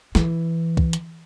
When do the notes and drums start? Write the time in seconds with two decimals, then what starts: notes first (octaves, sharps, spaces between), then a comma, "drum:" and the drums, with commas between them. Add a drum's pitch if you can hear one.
0.15 E3, drum: snare
0.77 drum: kick
0.93 drum: hi-hat